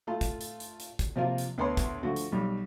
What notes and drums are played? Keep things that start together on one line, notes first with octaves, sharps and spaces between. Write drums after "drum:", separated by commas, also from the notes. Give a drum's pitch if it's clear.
A3 F4 A5
drum: kick, hi-hat
drum: hi-hat
drum: hi-hat
drum: hi-hat
drum: kick, hi-hat
C3 F3 A#3 F4
drum: hi-hat
D2 B3 C#5 A5 C6
drum: kick, hi-hat
D3 F3 A3 F#4
drum: hi-hat
B1 G3